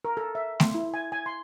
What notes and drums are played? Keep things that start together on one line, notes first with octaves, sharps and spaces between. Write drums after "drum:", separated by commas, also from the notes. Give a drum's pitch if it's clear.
A#4
A4
E5
C6, drum: snare A3
E4
G#5
G#5
C6